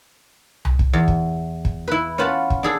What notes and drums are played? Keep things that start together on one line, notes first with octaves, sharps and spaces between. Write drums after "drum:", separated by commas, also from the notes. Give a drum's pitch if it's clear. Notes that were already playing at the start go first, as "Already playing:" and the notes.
drum: tom C2
drum: kick
E2
drum: kick
drum: kick
E4 B4
C#4 F4 B4 F#5 A5
drum: kick
D4 G#4 A4